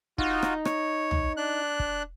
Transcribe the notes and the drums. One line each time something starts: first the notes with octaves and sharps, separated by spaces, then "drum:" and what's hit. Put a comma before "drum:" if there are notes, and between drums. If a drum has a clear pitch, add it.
D#4 F4 F#4, drum: kick
drum: rim click
C#5, drum: rim click
drum: tom B1
D4 F#6
drum: kick